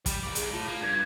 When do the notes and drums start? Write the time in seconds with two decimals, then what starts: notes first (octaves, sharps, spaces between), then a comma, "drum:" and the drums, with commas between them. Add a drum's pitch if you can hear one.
0.06 G3, drum: kick, hi-hat
0.23 C3 D5
0.35 G#4, drum: hi-hat
0.53 A2 F4
0.68 A#3
0.81 G2 G#6